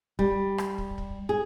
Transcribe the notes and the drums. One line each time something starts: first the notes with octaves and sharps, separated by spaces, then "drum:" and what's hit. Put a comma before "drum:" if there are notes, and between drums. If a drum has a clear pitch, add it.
G3, drum: kick
drum: rim click
drum: kick
drum: kick
G#4